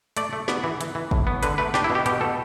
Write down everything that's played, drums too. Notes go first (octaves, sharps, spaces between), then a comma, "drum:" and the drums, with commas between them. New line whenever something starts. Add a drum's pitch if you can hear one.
A3 D5, drum: hi-hat
A3
B3 D5, drum: snare
E3
E3, drum: hi-hat
E3
A2, drum: kick
B3
D3 B4, drum: hi-hat
A3 B4
D4 G4, drum: snare
E4
B2
G4
B2 G4, drum: hi-hat
B2 A4